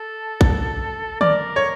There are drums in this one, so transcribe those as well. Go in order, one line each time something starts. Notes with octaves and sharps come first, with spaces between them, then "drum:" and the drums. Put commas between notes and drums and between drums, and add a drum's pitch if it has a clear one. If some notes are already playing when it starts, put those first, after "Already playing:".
Already playing: A4
drum: kick
A#4 D5, drum: tom
C#5